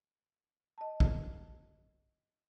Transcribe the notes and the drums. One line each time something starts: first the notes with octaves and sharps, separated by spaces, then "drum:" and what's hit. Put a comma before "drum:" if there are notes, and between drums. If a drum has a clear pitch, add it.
D#5 A5
drum: kick